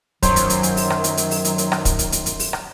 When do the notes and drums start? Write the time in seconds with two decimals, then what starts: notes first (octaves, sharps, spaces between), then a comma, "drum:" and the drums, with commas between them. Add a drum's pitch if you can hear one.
0.23 F#2 D#3 F#3 C5 C6 C#6, drum: kick, hi-hat
0.36 drum: hi-hat
0.50 drum: hi-hat
0.63 drum: hi-hat
0.77 drum: open hi-hat
0.90 drum: rim click
1.04 drum: hi-hat
1.17 drum: hi-hat
1.31 drum: open hi-hat
1.45 drum: hi-hat
1.58 drum: hi-hat
1.72 drum: rim click
1.85 drum: kick, hi-hat
1.99 drum: hi-hat
2.12 drum: hi-hat
2.26 drum: hi-hat
2.39 drum: open hi-hat
2.53 drum: rim click